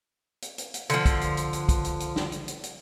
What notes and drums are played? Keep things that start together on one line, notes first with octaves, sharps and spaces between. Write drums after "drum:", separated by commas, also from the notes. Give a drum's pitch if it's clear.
drum: hi-hat
drum: hi-hat
drum: hi-hat
D3 F3, drum: hi-hat
drum: kick, hi-hat
drum: hi-hat
drum: hi-hat
drum: hi-hat
drum: kick, hi-hat
drum: hi-hat
drum: hi-hat
drum: snare
drum: hi-hat
drum: hi-hat
drum: hi-hat